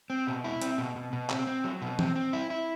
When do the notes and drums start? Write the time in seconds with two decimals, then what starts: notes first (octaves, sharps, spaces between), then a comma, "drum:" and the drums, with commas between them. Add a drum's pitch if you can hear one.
0.10 C4
0.27 B2
0.44 E4
0.62 C4, drum: hi-hat
0.78 B2
0.96 B2
1.13 B2
1.30 C4, drum: clap
1.47 C4
1.64 F#3
1.82 B2
1.99 C4, drum: tom E3
2.16 C4
2.33 E4
2.50 E4